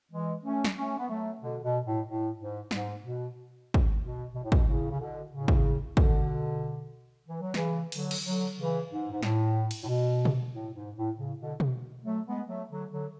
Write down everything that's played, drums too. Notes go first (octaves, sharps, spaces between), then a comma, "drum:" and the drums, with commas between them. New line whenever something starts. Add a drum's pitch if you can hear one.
E3 G#3
A3 C#4
drum: snare
A3 C#4
B3
F#3 A3
B2 D3
B2
A2
A2
G#2
G#2, drum: snare
B2
drum: kick
B2
B2
A2
B2, drum: kick
A2 C#3
C#3
B2 D3
A2 C#3
drum: kick
B2 D3, drum: kick
E3
F#3
C#3 E3, drum: snare
D3 F#3, drum: open hi-hat
drum: cymbal
D3 F#3
C#3 E3
G#2
G#2
A2, drum: snare
drum: cymbal
A2
B2
drum: tom B2
A2
G#2
A2
A2 C#3
B2 D3
drum: tom B2
F#3 A3
G#3 B3
F#3 A3
D3 F#3
D3 F#3